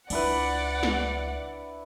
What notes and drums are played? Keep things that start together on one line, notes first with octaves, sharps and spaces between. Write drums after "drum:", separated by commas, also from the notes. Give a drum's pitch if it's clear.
C#2 D4 E4 B4 D5 F#5, drum: cymbal
drum: snare